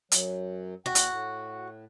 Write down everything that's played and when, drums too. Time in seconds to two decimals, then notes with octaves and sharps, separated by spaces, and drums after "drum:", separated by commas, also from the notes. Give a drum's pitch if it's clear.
0.12 F#2 F#3, drum: hi-hat
0.86 E2 F#4 G5
0.95 drum: hi-hat
1.09 A2